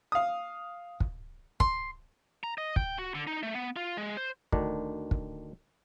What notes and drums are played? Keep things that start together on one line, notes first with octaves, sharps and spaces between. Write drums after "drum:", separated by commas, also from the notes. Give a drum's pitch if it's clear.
F5 D#6
drum: kick
C6, drum: kick
A#5
D#5
G5, drum: kick
F#4
D3
D#4
A3
B3
F4
G#3
C5
D2 D#3 D4, drum: kick
drum: kick